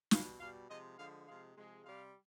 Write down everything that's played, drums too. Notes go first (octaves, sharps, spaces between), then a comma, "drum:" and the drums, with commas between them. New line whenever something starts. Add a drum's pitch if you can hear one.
B2 G3 F5, drum: snare
B2 G3 F5
C3 F3 G#3 D#5
D3 F3 G#3 F5
C3 F3 G#3 F5
C3 F3 G#3
C3 G3 F5